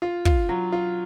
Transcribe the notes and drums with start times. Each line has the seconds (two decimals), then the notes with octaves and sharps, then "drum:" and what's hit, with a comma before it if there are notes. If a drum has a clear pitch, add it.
0.02 F4
0.25 F4, drum: kick
0.49 F#3
0.72 F4